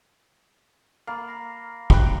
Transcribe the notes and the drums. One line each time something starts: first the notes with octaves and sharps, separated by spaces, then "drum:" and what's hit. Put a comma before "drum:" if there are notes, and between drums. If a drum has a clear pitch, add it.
A#3 B5 F6 A6 C7
A#5 A#6 C7
G5 B5 F#6, drum: kick